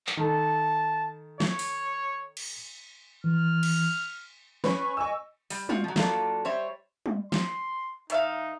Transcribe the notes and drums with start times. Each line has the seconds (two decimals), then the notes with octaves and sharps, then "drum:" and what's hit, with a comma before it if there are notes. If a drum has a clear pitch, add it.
0.07 drum: clap
0.17 D#3 A4 A5
1.40 C#5, drum: snare
1.59 drum: open hi-hat
2.37 drum: cymbal
3.24 E3 F6
3.63 drum: cymbal
4.64 C#4 B4 C#6, drum: snare
4.97 D#5 G#5 C#6 E6
5.50 G3, drum: open hi-hat
5.69 C4 F4 F#4, drum: tom G3
5.84 F3 F#3
5.96 F#3 A#3 D4 F4 A4 D5, drum: snare
6.45 G3 C5 C#5 E5
7.06 drum: tom G3
7.32 C6, drum: snare
8.10 D#3 D#4 E5 F5, drum: hi-hat